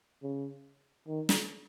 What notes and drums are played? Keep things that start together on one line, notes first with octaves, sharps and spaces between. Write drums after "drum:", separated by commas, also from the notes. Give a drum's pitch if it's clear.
C#3
D#3
drum: snare